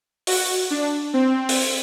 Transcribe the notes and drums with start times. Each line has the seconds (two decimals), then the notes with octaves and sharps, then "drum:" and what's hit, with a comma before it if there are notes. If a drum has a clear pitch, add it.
0.27 F#4, drum: open hi-hat
0.71 D4
1.14 C4
1.49 drum: open hi-hat